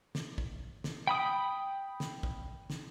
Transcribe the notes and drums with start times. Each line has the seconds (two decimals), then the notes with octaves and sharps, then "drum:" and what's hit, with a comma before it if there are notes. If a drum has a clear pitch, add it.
0.15 drum: snare
0.38 drum: kick
0.84 drum: snare
1.07 G5 B5 D#6
2.00 drum: snare
2.23 drum: kick
2.70 drum: snare